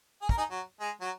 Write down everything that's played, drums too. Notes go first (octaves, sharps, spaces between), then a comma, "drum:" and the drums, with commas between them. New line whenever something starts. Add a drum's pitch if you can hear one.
G#4
A#4, drum: kick
D#4 G#4
F#3
G#3
F#3